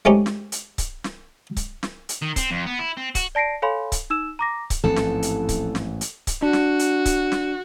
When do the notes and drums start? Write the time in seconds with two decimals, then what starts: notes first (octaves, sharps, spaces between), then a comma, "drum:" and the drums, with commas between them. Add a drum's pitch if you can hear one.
0.05 G#3 A3 C4 C#4 D#4 G4
0.26 drum: snare
0.52 drum: hi-hat
0.78 drum: kick C#1, hi-hat
1.04 drum: snare
1.57 drum: kick C#1, hi-hat
1.83 drum: snare
2.09 drum: hi-hat
2.22 D#3
2.36 C4, drum: kick C#1, hi-hat
2.51 F2
2.66 B3
2.79 E4
2.97 C4
3.15 F#4, drum: kick C#1, hi-hat
3.35 D5 A5 A#6 C7 D7
3.62 A4 C#5 F5 G#5 B5 C6
3.92 drum: kick C#1, hi-hat
4.10 D#4 E6 E7
4.39 A#5 D6 A#6
4.70 drum: kick C#1, hi-hat
4.84 A1 G#2 E3 F3 C4 A4
4.96 drum: snare
5.23 drum: hi-hat
5.49 drum: kick C#1, hi-hat
5.75 drum: snare
6.01 drum: hi-hat
6.27 drum: kick C#1, hi-hat
6.43 D4 F#4
6.53 drum: snare
6.79 drum: hi-hat
7.05 drum: kick C#1, hi-hat
7.32 drum: snare